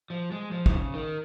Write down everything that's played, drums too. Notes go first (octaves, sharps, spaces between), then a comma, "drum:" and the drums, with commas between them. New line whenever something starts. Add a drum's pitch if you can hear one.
F3
G#3
F3
D#3, drum: kick
C#3
D#3